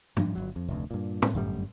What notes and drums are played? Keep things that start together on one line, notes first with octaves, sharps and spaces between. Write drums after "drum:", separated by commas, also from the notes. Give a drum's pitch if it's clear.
G#2 F3 G3 D4, drum: tom
G1 D#2 F#3
F2
F1 D2
G2 A#2
drum: tom
G1 F#2 G3 A3